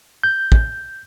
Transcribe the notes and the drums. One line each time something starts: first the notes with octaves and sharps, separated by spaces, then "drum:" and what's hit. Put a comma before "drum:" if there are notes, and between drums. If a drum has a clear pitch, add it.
G6
drum: kick